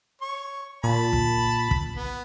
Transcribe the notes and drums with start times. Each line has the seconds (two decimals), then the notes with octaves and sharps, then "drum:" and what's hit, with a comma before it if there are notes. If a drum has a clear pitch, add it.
0.21 C#5 C#6
0.84 A#2 A5 B5
1.13 drum: kick
1.71 drum: kick
1.95 B3